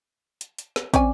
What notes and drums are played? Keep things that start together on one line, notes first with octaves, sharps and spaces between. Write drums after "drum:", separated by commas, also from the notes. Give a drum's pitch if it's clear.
drum: hi-hat
drum: hi-hat
drum: snare
C4 C#4 D5 G#5, drum: kick, hi-hat